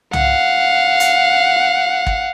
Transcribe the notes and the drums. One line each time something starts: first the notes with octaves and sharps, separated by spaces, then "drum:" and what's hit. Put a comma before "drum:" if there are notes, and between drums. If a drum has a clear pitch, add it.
F5 F#5, drum: tom C2
drum: hi-hat
drum: kick